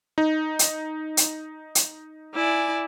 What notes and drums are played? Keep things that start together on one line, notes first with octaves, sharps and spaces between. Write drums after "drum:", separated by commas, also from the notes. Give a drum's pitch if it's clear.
D#4
drum: hi-hat
drum: hi-hat
drum: hi-hat
E4 D5 G#5